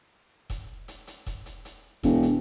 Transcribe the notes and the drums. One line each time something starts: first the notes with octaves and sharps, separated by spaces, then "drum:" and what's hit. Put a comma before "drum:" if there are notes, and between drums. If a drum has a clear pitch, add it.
drum: kick E1, hi-hat
drum: hi-hat
drum: hi-hat
drum: kick E1, hi-hat
drum: hi-hat
drum: hi-hat
E1, drum: kick E1, hi-hat
drum: hi-hat